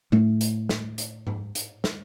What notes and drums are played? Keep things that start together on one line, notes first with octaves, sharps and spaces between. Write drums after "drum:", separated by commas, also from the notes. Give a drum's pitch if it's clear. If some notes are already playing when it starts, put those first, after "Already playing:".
A2 A3, drum: tom F#3
drum: hi-hat
drum: snare
drum: hi-hat
drum: tom G#2
drum: hi-hat
drum: snare